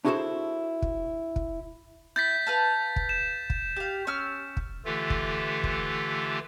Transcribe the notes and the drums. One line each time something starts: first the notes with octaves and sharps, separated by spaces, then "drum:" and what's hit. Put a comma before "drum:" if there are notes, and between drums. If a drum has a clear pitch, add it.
D4 E4 F#4 G#4 A4 C5
drum: kick
drum: kick
E4 G6 A6 B6
B4 F5 A5
drum: kick
E7
drum: kick
G4 F5
C#4 E6 F6
drum: kick
D3 E3 A3 F4 G4 A4
drum: kick
drum: kick